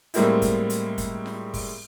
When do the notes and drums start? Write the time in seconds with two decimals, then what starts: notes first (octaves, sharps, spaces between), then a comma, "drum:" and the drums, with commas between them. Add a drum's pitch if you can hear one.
0.14 A2 G3 G#3 A#3 C4 E4, drum: hi-hat
0.42 drum: kick, hi-hat
0.70 drum: hi-hat
0.98 drum: kick, hi-hat
1.26 drum: snare F4
1.54 drum: kick, open hi-hat